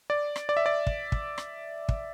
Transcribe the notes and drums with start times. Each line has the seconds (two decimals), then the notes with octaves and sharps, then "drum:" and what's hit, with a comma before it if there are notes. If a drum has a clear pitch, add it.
0.10 D5
0.36 drum: rim click
0.49 D5
0.57 E5
0.66 D5
0.87 drum: kick
1.12 drum: kick
1.38 drum: rim click
1.89 drum: kick